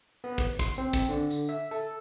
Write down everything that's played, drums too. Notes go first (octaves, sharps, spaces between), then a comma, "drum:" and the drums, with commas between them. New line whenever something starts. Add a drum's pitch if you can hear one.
B3
drum: kick
C6, drum: kick, tambourine
C4
drum: kick, tambourine
D3
drum: tambourine
E5
A4